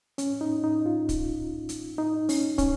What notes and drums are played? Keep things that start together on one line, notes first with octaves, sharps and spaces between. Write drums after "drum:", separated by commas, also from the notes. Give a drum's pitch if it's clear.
C#4, drum: hi-hat
D#4
D#4
F4
drum: kick, hi-hat
drum: hi-hat
D#4
C#4, drum: open hi-hat
C#4, drum: kick, hi-hat